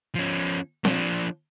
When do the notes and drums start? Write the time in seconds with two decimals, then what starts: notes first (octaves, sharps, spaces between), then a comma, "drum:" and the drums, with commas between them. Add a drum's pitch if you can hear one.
0.15 F3 C#4
0.85 F3 D4, drum: snare C4